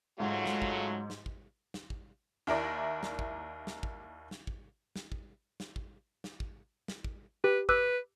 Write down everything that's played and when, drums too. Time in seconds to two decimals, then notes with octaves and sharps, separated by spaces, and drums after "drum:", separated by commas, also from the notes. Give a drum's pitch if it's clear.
0.20 G#2 C#3 F#3 A3 F4 F#4
0.46 drum: snare
0.62 drum: kick
1.10 drum: snare
1.26 drum: kick
1.74 drum: snare
1.90 drum: kick
2.47 D#2 E4 A#4 D5
3.03 drum: snare
3.19 drum: kick
3.67 drum: snare
3.83 drum: kick
4.31 drum: snare
4.47 drum: kick
4.96 drum: snare
5.12 drum: kick
5.60 drum: snare
5.76 drum: kick
6.24 drum: snare
6.40 drum: kick
6.88 drum: snare
7.04 drum: kick
7.44 G4 B4
7.69 B4 D6 E6 F#6, drum: kick